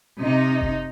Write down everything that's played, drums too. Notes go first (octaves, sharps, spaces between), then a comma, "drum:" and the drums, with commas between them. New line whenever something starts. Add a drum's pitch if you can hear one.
C3 D#4
drum: kick F#1